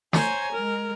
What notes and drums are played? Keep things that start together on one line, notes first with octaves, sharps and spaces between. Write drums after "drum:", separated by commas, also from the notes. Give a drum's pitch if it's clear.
C5 C#5 G#5 A#5, drum: snare
G#3 A#4